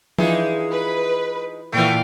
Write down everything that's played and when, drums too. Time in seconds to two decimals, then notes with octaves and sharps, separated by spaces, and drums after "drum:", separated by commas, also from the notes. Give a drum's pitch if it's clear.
0.18 E3 G#3 D4 D#4 F4 G#4, drum: tom F3
0.72 B4
1.72 A#2 E3 A3 B3 F5 G5